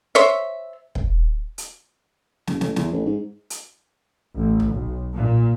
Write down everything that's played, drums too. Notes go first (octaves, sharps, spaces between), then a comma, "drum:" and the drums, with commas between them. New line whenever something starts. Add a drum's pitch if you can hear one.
C5 C#5 E5
drum: kick
drum: hi-hat
F#1, drum: snare
A1, drum: snare
E2, drum: snare
A1
G#2
drum: hi-hat
A1
drum: tom
B1
A#2